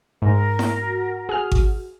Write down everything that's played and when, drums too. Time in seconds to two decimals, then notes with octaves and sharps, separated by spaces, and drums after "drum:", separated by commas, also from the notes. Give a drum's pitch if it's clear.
0.22 G#2 A#4
0.59 drum: snare E4
0.81 F#4
1.29 G#4 F6
1.52 drum: kick G#1